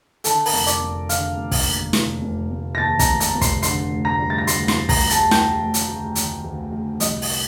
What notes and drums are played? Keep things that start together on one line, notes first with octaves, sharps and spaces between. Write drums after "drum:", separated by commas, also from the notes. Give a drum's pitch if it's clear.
D3 A4 A5, drum: hi-hat
A#4 A#5, drum: open hi-hat
F1
D5 D6, drum: hi-hat
F1
D3 F5 F6, drum: hi-hat
F1
drum: kick, open hi-hat
D#2
F1, drum: snare
F1
F1
A#6
D#2 A5 A6
A#5 A#6, drum: kick, hi-hat
F1
A#5 A#6, drum: hi-hat
F1
C6 C7, drum: kick, hi-hat
D3 C6 C7, drum: hi-hat
D2
A#5 A#6
G3
A6
A#6
D2 C6 C7, drum: hi-hat
C6 C7, drum: snare
D2
A#5 A#6, drum: kick, open hi-hat
D2
A5 A6, drum: hi-hat
D2 G5 G6, drum: snare
D2
drum: hi-hat
D2
D2, drum: hi-hat
D2
D2
C2 D#5 D#6, drum: hi-hat
drum: open hi-hat